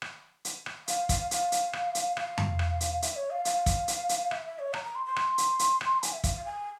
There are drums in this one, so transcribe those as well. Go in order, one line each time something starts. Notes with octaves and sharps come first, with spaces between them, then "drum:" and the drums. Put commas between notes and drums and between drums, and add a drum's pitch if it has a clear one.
drum: rim click
drum: hi-hat
drum: rim click
F5, drum: hi-hat
F5, drum: kick, hi-hat
F5, drum: hi-hat
drum: hi-hat
drum: rim click
drum: hi-hat
F5, drum: rim click
drum: tom F2
drum: rim click
drum: hi-hat
E5, drum: hi-hat
C#5
F5
F5, drum: hi-hat
drum: kick, hi-hat
drum: hi-hat
drum: hi-hat
E5, drum: rim click
E5
C#5
A#5, drum: rim click
A#5
C6
C6
drum: rim click
drum: hi-hat
drum: hi-hat
drum: rim click
G#5, drum: hi-hat
E5
F5, drum: kick, hi-hat
F5
G#5